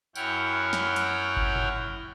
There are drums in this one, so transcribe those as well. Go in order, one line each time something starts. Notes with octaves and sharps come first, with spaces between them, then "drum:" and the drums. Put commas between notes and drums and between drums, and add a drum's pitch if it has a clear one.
F#2 E4 C#5 F#5 G5 F6, drum: tambourine
drum: snare
drum: hi-hat
drum: kick G1
drum: tom